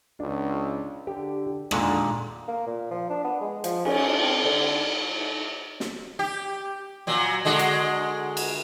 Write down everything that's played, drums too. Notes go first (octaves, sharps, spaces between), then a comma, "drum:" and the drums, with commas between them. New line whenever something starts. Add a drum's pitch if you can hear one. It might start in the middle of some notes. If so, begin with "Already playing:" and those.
C#2 D4
D3 G4
A#2 D3 D#3 G#3, drum: rim click
A#3
A#2
F3
D4
B3
G#3
F3, drum: hi-hat
C#4, drum: cymbal
D4
C4
D3
drum: snare
G4
A#2 F#3
D3 G#3 F#4
drum: hi-hat
drum: cymbal